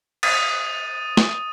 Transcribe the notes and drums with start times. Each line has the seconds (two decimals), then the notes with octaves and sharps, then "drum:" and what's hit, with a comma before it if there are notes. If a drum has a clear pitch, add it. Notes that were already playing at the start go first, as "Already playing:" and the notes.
0.23 D#6 A6 D#7, drum: cymbal
1.17 drum: snare